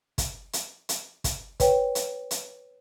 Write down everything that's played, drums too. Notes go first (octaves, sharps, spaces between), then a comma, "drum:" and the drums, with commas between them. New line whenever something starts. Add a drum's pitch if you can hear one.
drum: kick, hi-hat
drum: hi-hat
drum: hi-hat
drum: kick, hi-hat
B4 C#5 G5, drum: kick, hi-hat
drum: hi-hat
drum: hi-hat